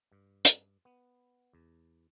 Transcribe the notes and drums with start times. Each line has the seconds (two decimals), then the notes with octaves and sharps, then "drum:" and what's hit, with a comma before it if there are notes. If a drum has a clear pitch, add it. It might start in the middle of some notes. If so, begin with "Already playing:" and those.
0.12 G2
0.45 drum: hi-hat
0.85 B3
1.53 E2